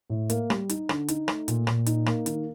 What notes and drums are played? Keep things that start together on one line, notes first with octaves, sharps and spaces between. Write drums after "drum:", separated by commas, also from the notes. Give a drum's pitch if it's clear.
A2
A#3, drum: hi-hat
G3, drum: rim click
D#4, drum: hi-hat
D3, drum: rim click
D#4, drum: hi-hat
A3, drum: rim click
A#2, drum: hi-hat
A#2, drum: rim click
D#4, drum: hi-hat
A#3, drum: rim click
D#3, drum: hi-hat